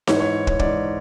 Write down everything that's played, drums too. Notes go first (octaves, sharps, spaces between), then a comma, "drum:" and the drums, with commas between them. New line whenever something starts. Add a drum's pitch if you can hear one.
G#2 E3 C#5, drum: snare D#4
C#5
C#5, drum: kick
G#2 E3 D5, drum: kick